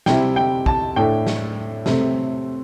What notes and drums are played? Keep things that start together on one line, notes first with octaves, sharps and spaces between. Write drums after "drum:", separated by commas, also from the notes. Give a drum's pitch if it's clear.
C3 G3 C4 E4 G5, drum: snare
G5
A5, drum: kick
A2 A3 D4 G5
drum: snare
C3 A3 C4, drum: snare